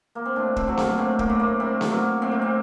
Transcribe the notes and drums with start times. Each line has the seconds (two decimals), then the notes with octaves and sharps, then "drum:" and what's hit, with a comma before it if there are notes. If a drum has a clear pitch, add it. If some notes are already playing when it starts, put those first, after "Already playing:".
0.15 A#3
0.26 C4
0.36 A2 D4
0.56 C4, drum: kick
0.67 F#3 C4
0.77 A#3, drum: snare B3
0.98 A2 C4
1.19 A#3, drum: kick
1.30 A2
1.40 A#3
1.60 A2 C4
1.81 drum: snare B3
1.91 F#3 A#3
2.22 A2 C4
2.31 A#3
2.42 C4